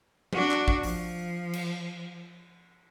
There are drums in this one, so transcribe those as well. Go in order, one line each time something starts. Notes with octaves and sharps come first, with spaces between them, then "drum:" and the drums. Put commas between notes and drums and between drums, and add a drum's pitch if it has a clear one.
D4 F#4, drum: tom F3
drum: clap
drum: kick
F3, drum: open hi-hat
drum: cymbal